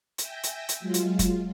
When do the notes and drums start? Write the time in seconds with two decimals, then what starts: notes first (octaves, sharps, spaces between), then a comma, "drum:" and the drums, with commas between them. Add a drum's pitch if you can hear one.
0.18 E5 G5 G#5 E6 G6 A#6, drum: hi-hat
0.43 drum: hi-hat
0.69 drum: hi-hat
0.80 F#3 G#3 F4
0.94 drum: hi-hat
1.19 drum: kick, hi-hat